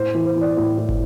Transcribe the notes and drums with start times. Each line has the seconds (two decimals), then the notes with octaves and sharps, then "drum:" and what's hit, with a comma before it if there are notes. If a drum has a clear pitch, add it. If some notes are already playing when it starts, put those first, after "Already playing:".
Already playing: A2 C5
0.15 E3
0.25 C5
0.36 E3 D5
0.57 A2
0.78 A2
0.89 drum: kick